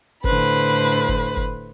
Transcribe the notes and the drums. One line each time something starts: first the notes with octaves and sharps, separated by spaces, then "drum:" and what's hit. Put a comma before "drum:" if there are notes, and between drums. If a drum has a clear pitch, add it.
A2 D3 B4 C5 B5, drum: kick
drum: kick
drum: kick